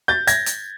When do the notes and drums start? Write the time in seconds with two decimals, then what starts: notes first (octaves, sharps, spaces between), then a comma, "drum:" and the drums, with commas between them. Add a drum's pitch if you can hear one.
0.08 G6 A6
0.27 G#6 A#6, drum: hi-hat
0.46 drum: hi-hat